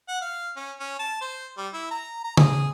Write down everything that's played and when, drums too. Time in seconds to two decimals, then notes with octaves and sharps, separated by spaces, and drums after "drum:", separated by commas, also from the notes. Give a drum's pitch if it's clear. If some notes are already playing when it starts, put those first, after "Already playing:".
0.08 F#5
0.22 F5
0.57 C#4
0.80 C#4
0.99 A5
1.21 C5
1.58 G3
1.74 E4
1.91 A#5
2.24 A#5
2.37 G#4, drum: tom C#3